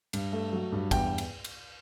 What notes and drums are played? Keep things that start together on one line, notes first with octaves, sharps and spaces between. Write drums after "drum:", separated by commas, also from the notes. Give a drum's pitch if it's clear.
G2, drum: cymbal
A3
F#3
G2
E2 G5, drum: kick, cymbal
drum: cymbal
drum: cymbal